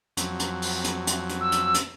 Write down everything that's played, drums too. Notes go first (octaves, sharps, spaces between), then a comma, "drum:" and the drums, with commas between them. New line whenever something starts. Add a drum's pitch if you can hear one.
F2 F#3, drum: hi-hat
drum: hi-hat
drum: open hi-hat
drum: hi-hat
drum: hi-hat
drum: hi-hat
E6
drum: hi-hat
drum: hi-hat